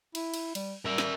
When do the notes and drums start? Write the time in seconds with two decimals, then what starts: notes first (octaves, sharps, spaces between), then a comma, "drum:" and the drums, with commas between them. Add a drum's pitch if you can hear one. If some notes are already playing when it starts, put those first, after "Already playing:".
0.15 E4, drum: cymbal
0.34 drum: cymbal
0.55 G3, drum: cymbal
0.85 G3 A#4 E5
0.98 drum: snare